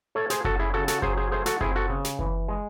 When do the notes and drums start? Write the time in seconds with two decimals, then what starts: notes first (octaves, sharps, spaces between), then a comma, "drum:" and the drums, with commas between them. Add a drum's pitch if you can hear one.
0.15 A3 A4 C#5
0.30 G#4 C5, drum: snare
0.44 C#4 F#4 A4, drum: kick F#1
0.59 E4 G#4
0.74 C#3 F#4 A4
0.88 F#4 A4, drum: snare
1.02 F#3 G#4 C5, drum: kick F#1
1.17 G#4 C5
1.31 A3 G#4 C5
1.46 F#4 A4, drum: snare
1.61 C4 E4 G#4, drum: kick F#1
1.76 F#4 A4
1.89 C#3
2.05 drum: snare
2.19 E3, drum: kick F#1
2.48 G#3